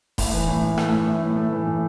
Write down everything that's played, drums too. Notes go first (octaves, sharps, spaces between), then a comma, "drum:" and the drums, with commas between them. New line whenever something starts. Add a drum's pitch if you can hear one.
A2, drum: kick D#1, open hi-hat
E3
A2
A2
A3, drum: rim click
A2
A2
A2
A3
E3
A2